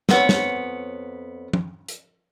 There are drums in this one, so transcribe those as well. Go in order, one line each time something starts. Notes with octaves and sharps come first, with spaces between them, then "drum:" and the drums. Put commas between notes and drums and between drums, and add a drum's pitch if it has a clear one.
F2 B3 C#5, drum: snare
drum: snare
drum: tom F3
drum: hi-hat